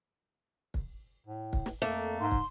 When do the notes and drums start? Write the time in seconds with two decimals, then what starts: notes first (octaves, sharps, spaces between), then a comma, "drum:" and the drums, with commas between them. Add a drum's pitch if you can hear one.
0.74 drum: kick
1.27 A2
1.53 drum: kick
1.66 drum: snare
1.82 F2 A3 A#3
2.21 G#2 C6
2.31 drum: kick